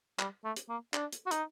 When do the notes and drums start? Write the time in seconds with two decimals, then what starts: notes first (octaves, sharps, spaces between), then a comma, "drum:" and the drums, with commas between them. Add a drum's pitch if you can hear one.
0.19 G3, drum: clap
0.44 A3
0.56 drum: hi-hat
0.69 A#3
0.94 D4, drum: clap
1.12 drum: hi-hat
1.26 F#4
1.31 D#4, drum: hi-hat